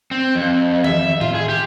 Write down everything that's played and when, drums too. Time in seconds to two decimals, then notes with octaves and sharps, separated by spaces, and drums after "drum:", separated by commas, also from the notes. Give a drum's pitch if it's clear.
0.11 C4
0.35 F2
0.84 E5, drum: tom D#3
1.21 F4, drum: tom A2
1.35 G#4
1.49 G4